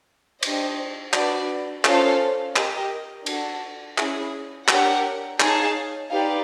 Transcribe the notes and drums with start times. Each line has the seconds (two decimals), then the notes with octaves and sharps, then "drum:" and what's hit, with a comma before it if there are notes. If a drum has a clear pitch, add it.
0.43 D4 G4 C5 D#5, drum: cymbal
1.13 D4 F#4 B4 D5, drum: clap
1.85 C#4 F4 A4 C5 F5, drum: clap
2.56 G4 A#4 D#5, drum: clap
3.26 D4 F#4 A4, drum: cymbal
3.98 C#4 E4 G#4, drum: clap
4.68 D4 G4 A#4 C#5 F#5, drum: clap
5.40 D#4 G#4 C#5 F5 A5, drum: clap
6.10 D#4 G4 B4 D5 F5